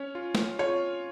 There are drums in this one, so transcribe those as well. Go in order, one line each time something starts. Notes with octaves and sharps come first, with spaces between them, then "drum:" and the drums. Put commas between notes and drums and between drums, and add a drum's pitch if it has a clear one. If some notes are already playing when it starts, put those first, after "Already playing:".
Already playing: C#4 C#5
F4
drum: snare
F4 C#5